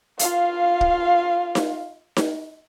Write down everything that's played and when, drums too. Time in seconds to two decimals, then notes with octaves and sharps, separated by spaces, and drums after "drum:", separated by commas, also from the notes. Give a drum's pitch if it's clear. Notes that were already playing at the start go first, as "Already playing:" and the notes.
0.19 F4 F5, drum: hi-hat
0.81 drum: kick
1.55 drum: snare D#4
2.17 drum: snare D#4